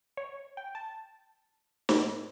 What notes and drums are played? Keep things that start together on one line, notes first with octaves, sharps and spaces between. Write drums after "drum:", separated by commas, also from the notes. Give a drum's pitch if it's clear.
C#5
G5
A5
drum: snare
G#2